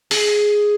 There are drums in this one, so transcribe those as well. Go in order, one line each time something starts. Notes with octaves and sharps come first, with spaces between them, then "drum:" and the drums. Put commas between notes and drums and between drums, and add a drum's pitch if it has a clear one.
G#4, drum: open hi-hat